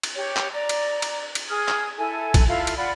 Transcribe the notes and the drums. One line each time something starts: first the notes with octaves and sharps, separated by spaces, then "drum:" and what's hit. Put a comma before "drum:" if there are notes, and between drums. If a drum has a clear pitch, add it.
drum: cymbal
G4 C#5
drum: clap
D5 A#5
drum: cymbal
drum: cymbal
drum: cymbal
G#4 D#6 F6 G#6
drum: clap
E4 A4 G#5
drum: kick A#1, cymbal
E4 F4 A4 F5
drum: cymbal
F4 D5 F#5 B5